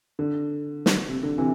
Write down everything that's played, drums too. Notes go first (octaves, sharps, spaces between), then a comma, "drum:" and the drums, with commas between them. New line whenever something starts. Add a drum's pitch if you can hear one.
D3
drum: snare
C3
D3
C3 E3